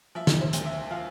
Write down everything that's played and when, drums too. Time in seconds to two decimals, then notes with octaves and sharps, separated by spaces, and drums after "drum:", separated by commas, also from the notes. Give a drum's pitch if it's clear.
0.15 F3 E5
0.27 drum: snare
0.41 C5
0.53 D2, drum: hi-hat
0.65 E5
0.91 F3 F5